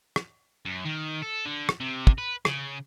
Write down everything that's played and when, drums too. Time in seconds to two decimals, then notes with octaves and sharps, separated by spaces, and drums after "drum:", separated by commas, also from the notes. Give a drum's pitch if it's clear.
0.16 drum: rim click
0.66 F#2
0.85 D#3
1.22 A4
1.45 D3
1.69 drum: rim click
1.80 C3
2.07 drum: kick
2.18 B4
2.45 C#3, drum: rim click